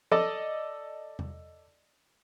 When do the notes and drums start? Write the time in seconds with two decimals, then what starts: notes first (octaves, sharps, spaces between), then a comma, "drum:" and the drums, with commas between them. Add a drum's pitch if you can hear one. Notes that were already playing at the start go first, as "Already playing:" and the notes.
0.11 A4 D5 D#5, drum: tom F3
1.19 drum: tom E2